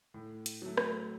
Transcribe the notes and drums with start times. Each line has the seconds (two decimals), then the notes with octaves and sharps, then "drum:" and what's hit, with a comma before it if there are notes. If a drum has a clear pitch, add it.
0.14 A2
0.46 drum: hi-hat
0.62 F#3 A3
0.78 drum: rim click